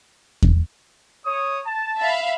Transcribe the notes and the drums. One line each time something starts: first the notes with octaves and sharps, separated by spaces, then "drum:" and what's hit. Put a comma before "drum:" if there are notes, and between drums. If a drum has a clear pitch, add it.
drum: kick E2
C#5 D#6
A5
E5 F5 B5